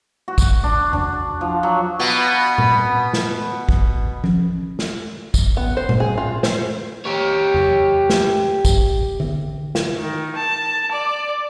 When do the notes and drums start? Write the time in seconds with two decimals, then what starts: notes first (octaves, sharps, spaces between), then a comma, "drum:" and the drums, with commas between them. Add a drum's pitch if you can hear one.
0.28 F#4
0.38 drum: kick, tambourine
0.64 D4
0.93 D4, drum: tom E2
1.41 F3
1.63 F#3
1.99 B2 B3
2.58 drum: tom A#2
3.13 drum: snare
3.69 drum: kick
4.24 drum: tom F3
4.79 drum: snare
5.34 drum: kick, tambourine
5.57 B3
5.77 C5
5.89 drum: tom A#2
6.00 G#4
6.18 F4
6.43 C5, drum: snare
7.06 G4 C#5
7.54 drum: tom E2
8.10 drum: snare
8.65 drum: kick, tambourine
9.20 drum: tom D3
9.75 drum: snare
9.98 D#3
10.36 A5
10.91 D5